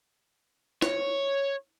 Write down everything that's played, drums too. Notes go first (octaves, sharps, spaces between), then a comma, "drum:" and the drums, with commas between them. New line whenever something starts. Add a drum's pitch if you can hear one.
C#5, drum: snare